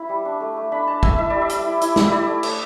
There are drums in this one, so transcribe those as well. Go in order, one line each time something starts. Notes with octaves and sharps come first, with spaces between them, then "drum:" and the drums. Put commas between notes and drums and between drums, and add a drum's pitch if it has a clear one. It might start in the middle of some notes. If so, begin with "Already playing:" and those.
Already playing: E4 B5
G3
D4
A3
A3
D4 B5
D4 A5
A3 E5, drum: kick
E4 E5
G3 D5
E5
G3, drum: hi-hat
E4
E4, drum: hi-hat
G3, drum: snare
E4 D5 E5
A3
A3, drum: cymbal